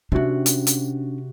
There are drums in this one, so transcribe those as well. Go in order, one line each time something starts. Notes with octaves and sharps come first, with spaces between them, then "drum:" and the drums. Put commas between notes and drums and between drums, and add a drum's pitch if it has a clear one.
C3 C#4 D4 F#4
drum: hi-hat
drum: hi-hat